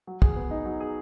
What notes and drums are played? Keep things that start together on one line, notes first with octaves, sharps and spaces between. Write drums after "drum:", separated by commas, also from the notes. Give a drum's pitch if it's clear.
F#3
G#4, drum: kick
B3
D#4
F#3
G#4